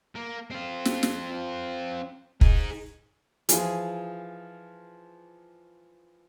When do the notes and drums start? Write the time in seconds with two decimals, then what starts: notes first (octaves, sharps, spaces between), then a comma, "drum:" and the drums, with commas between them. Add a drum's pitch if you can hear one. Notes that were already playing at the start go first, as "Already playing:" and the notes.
0.15 A#3
0.51 C4 F4
0.85 drum: snare
1.03 drum: snare
2.41 D#4 G#4, drum: kick
3.49 E3 F3 F4 G#4, drum: hi-hat